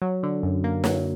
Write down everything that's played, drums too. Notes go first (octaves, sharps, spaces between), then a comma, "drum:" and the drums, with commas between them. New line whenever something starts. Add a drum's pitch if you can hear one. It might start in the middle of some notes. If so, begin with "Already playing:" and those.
F#3
D3
F#2
A#3
F#3, drum: snare